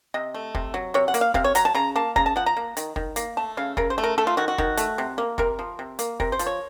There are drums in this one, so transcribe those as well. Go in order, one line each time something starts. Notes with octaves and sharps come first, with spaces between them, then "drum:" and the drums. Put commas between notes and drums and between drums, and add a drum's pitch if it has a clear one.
C3 D#5
A3
C3, drum: kick
F#3
C3 C#5
F#5
A#3, drum: hi-hat
F5
C3 F5, drum: kick
C#5
F#3 A#5, drum: hi-hat
A5
C#3 A#5
A#3 A5
C#3 A#5, drum: kick
A5
F3 F#5
A#5
A#3
D#3, drum: hi-hat
D#3, drum: kick
A#3, drum: hi-hat
A3 A5
C#3 F5
C#3 A#4, drum: kick
C5
A3
A#4
A3 A4
F4
D#3 F#4
F#4
D#3, drum: kick
A3, drum: hi-hat
C3
A#3
C3 A#4, drum: kick
F3
C3
A#3, drum: hi-hat
C3 A#4, drum: kick
C5
F3, drum: hi-hat
C#5